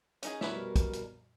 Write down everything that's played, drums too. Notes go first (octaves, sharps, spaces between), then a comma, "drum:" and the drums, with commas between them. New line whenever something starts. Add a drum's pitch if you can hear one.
C#4 D#4 G#4, drum: hi-hat
B2 G3 A#4 B4 C#5 E5, drum: snare
drum: kick, hi-hat
drum: hi-hat